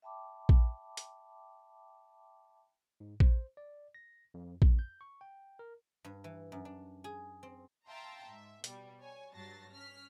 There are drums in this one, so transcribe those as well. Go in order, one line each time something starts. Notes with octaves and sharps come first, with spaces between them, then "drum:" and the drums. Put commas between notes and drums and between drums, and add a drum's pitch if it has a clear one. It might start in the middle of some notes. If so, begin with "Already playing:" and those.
E5 G5 A5 B5 D6
drum: kick A#1
drum: hi-hat
G#2
C5, drum: kick A#1
D5
A#6
F2
F2, drum: kick A#1
G6
C#6
G5
A#4
G2
E3
F#2
D4
G#4
C4
E5 F5 G5 A5 A#5 C6
G#2 E5
B2 G3, drum: hi-hat
C#5 G#5
G2 F#3 A5 A6 A#6 C7
C#4 F6 B6